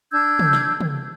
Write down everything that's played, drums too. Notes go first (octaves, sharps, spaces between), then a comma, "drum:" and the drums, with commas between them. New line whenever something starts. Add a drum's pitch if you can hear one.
D4 E6 G6 G#6
drum: tom
drum: snare
drum: tom